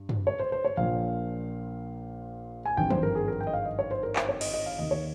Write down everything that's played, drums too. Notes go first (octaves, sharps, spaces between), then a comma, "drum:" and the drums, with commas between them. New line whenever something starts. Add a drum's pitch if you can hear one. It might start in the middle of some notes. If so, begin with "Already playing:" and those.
Already playing: G2
drum: tom
C#5
C5
C5
C#5
A#1 A#2 F3 F5
G#5
G#1 G2 F3 G5
C5, drum: tom
A#4
G#4
A#4
G5
D#5
F5
D#5
C#5
C5
A#4
C5, drum: clap
C#5
D#5, drum: cymbal
D#5
F5
D#2 D#3 D#5
C#5